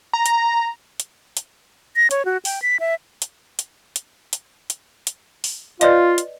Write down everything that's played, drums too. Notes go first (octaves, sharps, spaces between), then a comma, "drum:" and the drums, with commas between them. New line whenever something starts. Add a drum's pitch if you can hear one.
A#5
drum: hi-hat
drum: hi-hat
drum: hi-hat
A#6
C#5, drum: hi-hat
F#4
G5, drum: open hi-hat
B6
E5
drum: hi-hat
drum: hi-hat
drum: hi-hat
drum: hi-hat
drum: hi-hat
drum: hi-hat
drum: open hi-hat
F4 B4 D5 D#5, drum: hi-hat
drum: hi-hat